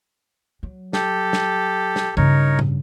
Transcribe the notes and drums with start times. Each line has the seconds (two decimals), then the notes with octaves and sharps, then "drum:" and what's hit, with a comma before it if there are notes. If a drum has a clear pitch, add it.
0.63 F#3
0.93 G4 A4, drum: snare
1.33 drum: snare
1.96 drum: snare
2.17 G2 C#3 D#4 A#4 C#5, drum: tom E3
2.59 drum: tom A2